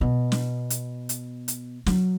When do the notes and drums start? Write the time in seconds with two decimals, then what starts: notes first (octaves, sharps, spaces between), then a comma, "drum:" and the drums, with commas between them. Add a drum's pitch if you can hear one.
0.01 B2
0.32 drum: snare
0.70 drum: hi-hat
1.09 drum: hi-hat
1.48 drum: hi-hat
1.86 F#3, drum: snare